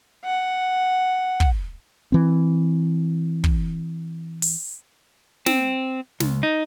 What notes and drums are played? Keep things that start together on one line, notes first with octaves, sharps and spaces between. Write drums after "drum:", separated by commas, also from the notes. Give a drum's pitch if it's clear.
F#5
drum: kick
E3 C4
drum: kick
drum: open hi-hat
C4, drum: snare
C#2, drum: snare
D#4